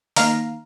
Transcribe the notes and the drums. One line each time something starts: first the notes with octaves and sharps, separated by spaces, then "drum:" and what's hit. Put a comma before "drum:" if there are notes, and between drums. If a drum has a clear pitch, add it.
D#3 A#3 F5 A#5, drum: open hi-hat